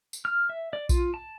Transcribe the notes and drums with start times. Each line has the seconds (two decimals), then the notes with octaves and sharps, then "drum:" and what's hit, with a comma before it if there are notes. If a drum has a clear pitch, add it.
0.13 drum: tambourine
0.25 F6
0.49 E5
0.73 D5
0.89 F4, drum: kick A#1, tambourine
1.14 A5